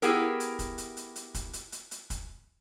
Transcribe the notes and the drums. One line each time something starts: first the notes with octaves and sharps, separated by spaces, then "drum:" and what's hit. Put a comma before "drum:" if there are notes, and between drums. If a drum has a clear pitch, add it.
B3 E4 G4 G#4 A#4, drum: hi-hat
drum: hi-hat
drum: kick, hi-hat
drum: hi-hat
drum: hi-hat
drum: hi-hat
drum: kick, hi-hat
drum: hi-hat
drum: hi-hat
drum: hi-hat
drum: kick, hi-hat